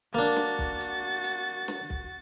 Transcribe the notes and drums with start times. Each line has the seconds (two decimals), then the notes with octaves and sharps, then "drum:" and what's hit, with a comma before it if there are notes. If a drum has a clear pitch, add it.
0.15 A#3 D4 F#4 A6
0.36 drum: snare
0.58 drum: kick B1
0.80 drum: hi-hat
1.24 drum: hi-hat
1.68 drum: snare
1.90 drum: kick B1